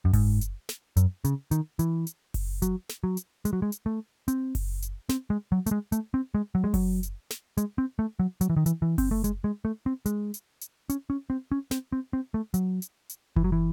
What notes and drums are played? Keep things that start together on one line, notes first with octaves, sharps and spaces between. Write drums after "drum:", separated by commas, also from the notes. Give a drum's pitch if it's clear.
F#2
G#2, drum: kick F#1, open hi-hat
drum: hi-hat
drum: snare
F#2, drum: hi-hat
C#3, drum: hi-hat
D#3, drum: hi-hat
E3, drum: hi-hat
drum: hi-hat
drum: kick F#1, open hi-hat
F#3, drum: hi-hat
drum: snare
F#3
drum: hi-hat
G#3, drum: hi-hat
F#3
G#3
drum: hi-hat
A3
C4, drum: hi-hat
drum: kick F#1, open hi-hat
drum: hi-hat
C4, drum: snare
G#3
F#3
A3, drum: hi-hat
G#3
A3, drum: hi-hat
C4
G#3
F#3
G#3
F#3, drum: kick F#1, open hi-hat
drum: hi-hat
drum: snare
G#3, drum: hi-hat
C4
A3
F#3
F#3, drum: hi-hat
E3
D#3
E3, drum: hi-hat
E3
C4, drum: kick F#1, open hi-hat
A3
G#3, drum: hi-hat
G#3
A3
C4
G#3, drum: hi-hat
drum: hi-hat
drum: hi-hat
C#4, drum: hi-hat
C#4
C4
C#4
C4, drum: snare
C4
C4
A3
F#3, drum: hi-hat
drum: hi-hat
drum: hi-hat
E3, drum: kick F#1
F#3
E3